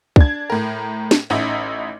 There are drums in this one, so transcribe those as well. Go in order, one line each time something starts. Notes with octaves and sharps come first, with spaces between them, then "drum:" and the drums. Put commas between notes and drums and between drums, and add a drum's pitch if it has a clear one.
D4 G#6, drum: kick
A2 A#4
drum: snare
A1 C#4 D#4 E4 D#5 E5